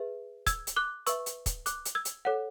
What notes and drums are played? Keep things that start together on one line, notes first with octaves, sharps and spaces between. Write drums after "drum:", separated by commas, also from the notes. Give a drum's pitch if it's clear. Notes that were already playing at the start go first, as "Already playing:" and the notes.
Already playing: G#4 B4 E5
E6 G#6, drum: kick, hi-hat
drum: hi-hat
D6 F#6
B4 E5 C#6 E6, drum: hi-hat
drum: hi-hat
drum: kick, hi-hat
D6 F#6, drum: hi-hat
drum: hi-hat
E6 G#6
drum: hi-hat
A4 C#5 F#5